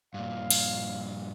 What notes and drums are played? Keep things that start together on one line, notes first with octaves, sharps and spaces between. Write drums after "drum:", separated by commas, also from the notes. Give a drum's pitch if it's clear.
G2 A#2 F5
drum: cymbal